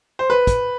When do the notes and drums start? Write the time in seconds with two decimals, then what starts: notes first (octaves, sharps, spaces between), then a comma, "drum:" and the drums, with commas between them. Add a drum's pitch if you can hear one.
0.19 C5
0.30 B4
0.47 drum: kick, hi-hat